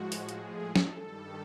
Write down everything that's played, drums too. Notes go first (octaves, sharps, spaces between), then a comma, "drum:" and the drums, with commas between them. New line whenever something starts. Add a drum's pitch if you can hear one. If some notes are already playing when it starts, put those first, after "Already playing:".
Already playing: A2 F3 G#3 F#4
drum: open hi-hat
G#4, drum: hi-hat
A4
drum: snare
G2 D#3 G3 A4